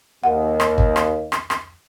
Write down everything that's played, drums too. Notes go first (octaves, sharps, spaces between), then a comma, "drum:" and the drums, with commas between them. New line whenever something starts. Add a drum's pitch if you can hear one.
D#2 F#5
drum: rim click
drum: kick
drum: rim click
drum: rim click
drum: rim click